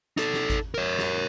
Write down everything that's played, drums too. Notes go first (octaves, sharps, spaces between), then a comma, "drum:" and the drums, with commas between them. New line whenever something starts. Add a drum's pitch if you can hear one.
D#4 A4, drum: hi-hat
drum: snare
drum: kick G#1, hi-hat
A#4 C#5
drum: snare